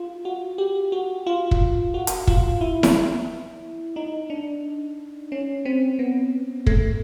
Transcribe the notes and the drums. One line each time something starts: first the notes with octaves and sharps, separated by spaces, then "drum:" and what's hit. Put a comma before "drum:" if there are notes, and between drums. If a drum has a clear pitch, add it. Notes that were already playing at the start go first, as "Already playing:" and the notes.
Already playing: F4
F#4
G4
F#4
F4
drum: kick
F#4
drum: hi-hat
F4, drum: kick
E4
drum: snare E4
D#4
D4
C#4
C4
B3
A3, drum: kick